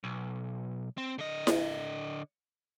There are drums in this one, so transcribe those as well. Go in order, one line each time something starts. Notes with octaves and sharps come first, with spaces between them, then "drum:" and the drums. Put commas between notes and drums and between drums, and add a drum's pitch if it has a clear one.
B1
C4
D3 D#5
drum: snare E4